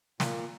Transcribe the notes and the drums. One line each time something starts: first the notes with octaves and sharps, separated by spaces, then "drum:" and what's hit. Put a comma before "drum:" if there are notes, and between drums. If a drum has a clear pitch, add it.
A#2, drum: snare